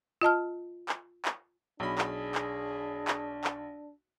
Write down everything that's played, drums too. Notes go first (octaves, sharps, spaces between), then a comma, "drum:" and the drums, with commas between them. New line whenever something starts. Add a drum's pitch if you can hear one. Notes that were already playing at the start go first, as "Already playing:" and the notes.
F4 D#5 A5 F6
drum: clap
drum: clap
B1 D4 G#4 B5
drum: clap
drum: clap
drum: clap
drum: clap